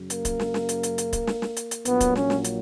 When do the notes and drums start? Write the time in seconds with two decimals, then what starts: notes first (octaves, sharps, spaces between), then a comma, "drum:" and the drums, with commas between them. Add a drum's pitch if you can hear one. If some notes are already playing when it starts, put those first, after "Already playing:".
Already playing: F#2 C#3 F#3
0.10 A#3, drum: hi-hat
0.25 drum: kick, hi-hat
0.40 drum: snare
0.54 drum: snare
0.69 drum: hi-hat
0.83 drum: hi-hat
0.98 drum: hi-hat
1.13 drum: kick, hi-hat
1.27 drum: snare
1.42 drum: snare
1.57 drum: hi-hat
1.71 drum: hi-hat
1.85 A#1 A#2 F#3 B3, drum: hi-hat
2.01 drum: kick, hi-hat
2.15 C#4, drum: snare
2.30 drum: snare
2.45 drum: hi-hat